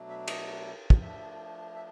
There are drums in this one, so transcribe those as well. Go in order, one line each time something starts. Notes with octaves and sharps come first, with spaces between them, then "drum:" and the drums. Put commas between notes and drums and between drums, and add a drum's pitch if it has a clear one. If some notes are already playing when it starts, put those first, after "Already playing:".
Already playing: B2 F#3 A3 D4
E5
D#5, drum: cymbal
drum: kick
F3 A3 D4 E5
E5